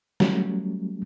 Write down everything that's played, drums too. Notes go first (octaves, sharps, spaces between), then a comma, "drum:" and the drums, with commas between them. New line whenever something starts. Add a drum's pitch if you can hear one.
F#3 G3 A3 C#4, drum: snare